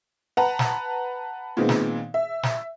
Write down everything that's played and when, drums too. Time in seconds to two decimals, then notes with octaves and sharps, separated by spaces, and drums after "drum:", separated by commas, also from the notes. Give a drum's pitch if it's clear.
0.37 B4 F#5 A5 A#5
0.59 drum: snare
1.57 A#2 D#3 G#3 B3 C4
1.69 drum: snare
2.14 E5
2.43 drum: snare